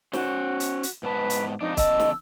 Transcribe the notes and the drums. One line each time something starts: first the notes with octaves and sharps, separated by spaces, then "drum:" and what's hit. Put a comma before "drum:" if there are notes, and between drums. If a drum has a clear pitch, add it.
C#4 F#4 C5, drum: snare
drum: hi-hat
drum: hi-hat
G#2 B3 B4 A5
drum: hi-hat
F2 D4 D#4
E2 C#3 D#5 A5 E6, drum: kick, hi-hat
drum: snare